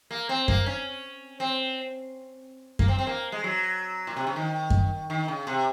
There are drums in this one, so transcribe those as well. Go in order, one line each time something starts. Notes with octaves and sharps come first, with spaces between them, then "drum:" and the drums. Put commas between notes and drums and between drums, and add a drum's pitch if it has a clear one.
A#3
C4
A#3, drum: kick F#2
C#4
C4
A#3, drum: kick F#2
C4
C4
A#3
G#3
F#3
A#2
C3
C#3
D#3
drum: kick F#2
D#3
C#3
C3